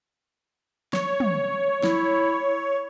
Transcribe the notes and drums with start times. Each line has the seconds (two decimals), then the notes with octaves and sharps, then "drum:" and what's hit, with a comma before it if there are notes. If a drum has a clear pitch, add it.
0.93 C#5, drum: snare
1.20 drum: tom
1.83 E4, drum: snare